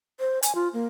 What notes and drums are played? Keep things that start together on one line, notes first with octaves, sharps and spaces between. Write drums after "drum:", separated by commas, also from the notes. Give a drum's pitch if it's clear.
C5
G#5, drum: hi-hat
F4
A#3